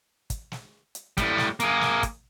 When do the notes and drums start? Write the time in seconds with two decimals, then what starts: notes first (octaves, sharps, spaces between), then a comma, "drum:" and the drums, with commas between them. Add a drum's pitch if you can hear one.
0.30 drum: kick, hi-hat
0.52 drum: snare
0.95 drum: hi-hat
1.17 A2 G3, drum: kick, hi-hat
1.38 drum: snare
1.60 A#3 G#4, drum: hi-hat
1.81 drum: snare
2.03 drum: kick, hi-hat